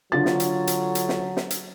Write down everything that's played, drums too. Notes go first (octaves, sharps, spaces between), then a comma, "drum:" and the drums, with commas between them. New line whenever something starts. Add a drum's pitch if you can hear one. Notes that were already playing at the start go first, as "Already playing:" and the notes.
D3 F#3 F4 A6
drum: snare
drum: hi-hat
drum: hi-hat
drum: hi-hat
drum: snare
drum: snare
drum: hi-hat